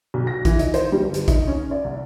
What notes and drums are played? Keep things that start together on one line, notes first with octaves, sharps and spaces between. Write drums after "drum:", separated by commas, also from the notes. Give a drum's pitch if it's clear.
B1
A#6
E3, drum: kick, hi-hat
D#4, drum: hi-hat
C5, drum: hi-hat
G3
G1
drum: hi-hat
D#4, drum: kick, hi-hat
C#4
D5
C2